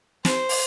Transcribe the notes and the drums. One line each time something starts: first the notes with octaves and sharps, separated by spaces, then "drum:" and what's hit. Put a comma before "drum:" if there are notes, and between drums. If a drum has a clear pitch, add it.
C5, drum: snare
drum: open hi-hat